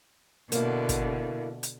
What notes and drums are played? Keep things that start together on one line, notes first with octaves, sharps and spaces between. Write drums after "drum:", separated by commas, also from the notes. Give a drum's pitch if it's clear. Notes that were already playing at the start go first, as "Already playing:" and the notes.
B2 D3 A#3 E4, drum: hi-hat
drum: kick, hi-hat
drum: hi-hat